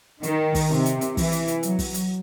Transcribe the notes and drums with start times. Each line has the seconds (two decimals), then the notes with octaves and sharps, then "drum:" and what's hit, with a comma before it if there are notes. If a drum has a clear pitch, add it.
0.23 D#3, drum: hi-hat
0.55 drum: kick, open hi-hat
0.70 C3
0.86 drum: hi-hat
1.01 drum: hi-hat
1.17 E3, drum: kick, open hi-hat
1.32 drum: hi-hat
1.48 drum: hi-hat
1.63 F#3, drum: hi-hat
1.79 drum: kick, open hi-hat
1.94 drum: hi-hat